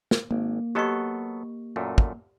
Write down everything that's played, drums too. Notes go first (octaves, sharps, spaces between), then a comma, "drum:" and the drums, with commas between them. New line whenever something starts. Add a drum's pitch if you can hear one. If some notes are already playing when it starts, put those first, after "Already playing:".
drum: snare
G#1 A#3
F#3 B3 G4 A4 D#5 C#6
F#2 A#2 A3
drum: kick